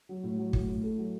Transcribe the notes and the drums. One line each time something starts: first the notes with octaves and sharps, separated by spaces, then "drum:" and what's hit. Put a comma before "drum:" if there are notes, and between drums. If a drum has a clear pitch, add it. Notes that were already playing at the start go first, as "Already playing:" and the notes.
F#3
A2
F#3
A2, drum: kick
A2
A3
F#3